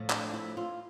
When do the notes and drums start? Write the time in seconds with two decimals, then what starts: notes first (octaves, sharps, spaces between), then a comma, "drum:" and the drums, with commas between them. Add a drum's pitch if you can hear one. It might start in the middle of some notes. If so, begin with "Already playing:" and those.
Already playing: A2 F3 A3
0.10 D4, drum: clap
0.33 E4
0.57 F4